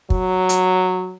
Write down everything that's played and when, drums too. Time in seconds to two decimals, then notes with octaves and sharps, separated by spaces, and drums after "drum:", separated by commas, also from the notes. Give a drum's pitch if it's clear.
0.10 F#3, drum: kick
0.49 drum: hi-hat